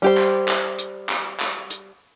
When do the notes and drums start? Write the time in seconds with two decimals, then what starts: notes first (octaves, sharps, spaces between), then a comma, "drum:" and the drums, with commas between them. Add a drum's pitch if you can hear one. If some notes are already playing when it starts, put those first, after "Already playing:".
0.02 G3 G4 C5
0.17 drum: clap
0.48 drum: clap
0.79 drum: hi-hat
1.09 drum: clap
1.40 drum: clap
1.70 drum: hi-hat